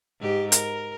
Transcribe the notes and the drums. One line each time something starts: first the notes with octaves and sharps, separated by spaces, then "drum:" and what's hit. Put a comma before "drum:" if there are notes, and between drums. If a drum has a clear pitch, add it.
G#2 G4
A#4, drum: hi-hat